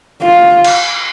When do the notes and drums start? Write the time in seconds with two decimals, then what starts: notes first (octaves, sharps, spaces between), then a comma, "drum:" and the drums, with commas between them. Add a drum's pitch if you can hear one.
0.22 F4
0.64 drum: cymbal